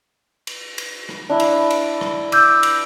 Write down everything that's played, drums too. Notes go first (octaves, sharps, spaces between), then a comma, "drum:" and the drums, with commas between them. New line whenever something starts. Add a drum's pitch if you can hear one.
drum: cymbal
drum: cymbal
drum: rim click
D4 E4
drum: cymbal
drum: cymbal
drum: rim click
D6 E6 G6, drum: cymbal
drum: cymbal